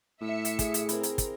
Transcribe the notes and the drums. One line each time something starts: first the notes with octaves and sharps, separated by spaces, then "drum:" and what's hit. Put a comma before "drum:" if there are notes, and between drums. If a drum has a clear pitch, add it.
A2 E5 C#7
drum: hi-hat
G#4, drum: kick, hi-hat
drum: hi-hat
C4 E4 A#4, drum: hi-hat
drum: hi-hat
drum: kick, hi-hat